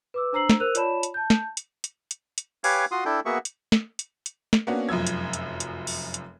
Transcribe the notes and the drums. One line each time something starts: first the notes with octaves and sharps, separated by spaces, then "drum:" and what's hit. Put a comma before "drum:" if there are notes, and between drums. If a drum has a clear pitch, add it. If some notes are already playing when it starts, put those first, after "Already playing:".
B4 D6 E6
D4 C5 A#5 E6 C7 F#7
drum: snare
A#4 C5 E6 F#6 D#7 F7
F4 C#5 D5 A5 B5 E7, drum: hi-hat
drum: hi-hat
A5 G6
drum: snare
drum: hi-hat
drum: hi-hat
drum: hi-hat
drum: hi-hat
G4 B4 C#5 F5 G#5 D6, drum: open hi-hat
F4 F#4 C6 D#6
D4 E4 A4 G5
A#3 B3 F#4 G#4 E5 C#6
drum: hi-hat
drum: snare
drum: hi-hat
drum: hi-hat
drum: snare
A#3 B3 C#4 D4 F#4
F1 F#2 F3 E6 G#6
drum: hi-hat
drum: hi-hat
drum: hi-hat
drum: open hi-hat
drum: hi-hat